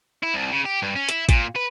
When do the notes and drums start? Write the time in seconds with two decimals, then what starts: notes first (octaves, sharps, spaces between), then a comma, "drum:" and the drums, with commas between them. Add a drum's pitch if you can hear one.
0.23 E4
0.34 C2
0.52 C#3
0.65 G4
0.82 G2
0.95 C#4
1.09 E4, drum: hi-hat
1.29 A#2, drum: kick G#1, hi-hat
1.56 B4